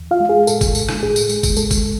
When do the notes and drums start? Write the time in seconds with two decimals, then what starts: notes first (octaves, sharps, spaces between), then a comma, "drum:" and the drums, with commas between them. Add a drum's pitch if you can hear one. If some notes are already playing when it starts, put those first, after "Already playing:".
Already playing: E2
0.11 F4 F5
0.20 G#3
0.29 G#4
0.47 A2 A4, drum: tambourine
0.61 drum: kick F#1, tambourine
0.75 G#3, drum: tambourine
0.89 drum: rim click
1.03 A2 G#4
1.16 drum: tambourine
1.29 G#3, drum: tambourine
1.43 drum: kick F#1, tambourine
1.57 G#3 A4, drum: tambourine
1.71 drum: kick F#1, tambourine